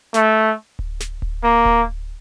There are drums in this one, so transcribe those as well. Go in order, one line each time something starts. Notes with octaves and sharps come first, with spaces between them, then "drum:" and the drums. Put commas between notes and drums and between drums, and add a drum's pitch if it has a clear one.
A3, drum: snare
drum: kick D1
drum: snare
drum: kick D1
A#3
drum: kick D1